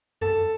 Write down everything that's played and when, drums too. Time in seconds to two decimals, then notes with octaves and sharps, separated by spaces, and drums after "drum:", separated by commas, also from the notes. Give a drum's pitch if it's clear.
0.21 A4, drum: tom F#2